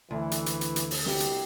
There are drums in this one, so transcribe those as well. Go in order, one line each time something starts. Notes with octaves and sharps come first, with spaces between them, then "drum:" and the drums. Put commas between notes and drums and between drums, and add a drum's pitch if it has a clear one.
D2 E3
drum: hi-hat
drum: hi-hat
drum: hi-hat
drum: hi-hat
drum: open hi-hat
C2 B2 G4, drum: snare
drum: hi-hat